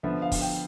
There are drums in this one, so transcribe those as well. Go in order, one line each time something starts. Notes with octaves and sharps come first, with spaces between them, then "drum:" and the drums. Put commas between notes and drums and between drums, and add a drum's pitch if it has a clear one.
D3 F3 B3 E5
F5
drum: kick, open hi-hat
G5